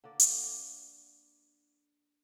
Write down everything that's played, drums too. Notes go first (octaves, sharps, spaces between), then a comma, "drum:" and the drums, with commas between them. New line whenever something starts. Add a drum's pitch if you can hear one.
D3 A#3 D5
drum: hi-hat